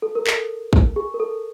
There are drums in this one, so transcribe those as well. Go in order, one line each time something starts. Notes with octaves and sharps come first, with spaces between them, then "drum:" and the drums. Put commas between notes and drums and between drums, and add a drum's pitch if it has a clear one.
A4
A#4
A4, drum: clap
drum: kick
G#4
A#4
A4